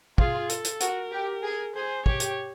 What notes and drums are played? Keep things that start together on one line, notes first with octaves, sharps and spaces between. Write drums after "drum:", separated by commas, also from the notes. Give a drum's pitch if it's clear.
F4 G#4, drum: kick
A4, drum: hi-hat
drum: hi-hat
F#4 A#4, drum: hi-hat
G4
G#4
G#4 C5
G4 C#5, drum: kick
drum: hi-hat